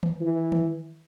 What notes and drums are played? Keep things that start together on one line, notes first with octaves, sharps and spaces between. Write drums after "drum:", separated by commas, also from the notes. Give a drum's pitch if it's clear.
drum: tom D#3
E3
drum: tom D#3